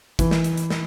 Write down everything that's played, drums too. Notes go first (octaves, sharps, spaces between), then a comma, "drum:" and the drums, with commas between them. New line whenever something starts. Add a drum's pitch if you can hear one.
E3, drum: kick, hi-hat
drum: snare
drum: hi-hat
drum: hi-hat
drum: snare